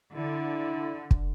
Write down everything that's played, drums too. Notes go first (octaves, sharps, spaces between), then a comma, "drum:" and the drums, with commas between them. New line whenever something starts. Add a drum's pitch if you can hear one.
D3 E4
drum: kick